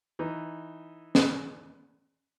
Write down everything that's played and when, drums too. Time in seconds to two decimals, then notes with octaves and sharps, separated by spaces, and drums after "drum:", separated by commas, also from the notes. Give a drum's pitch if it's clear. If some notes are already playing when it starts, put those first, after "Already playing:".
0.19 E3 D#4
1.15 drum: snare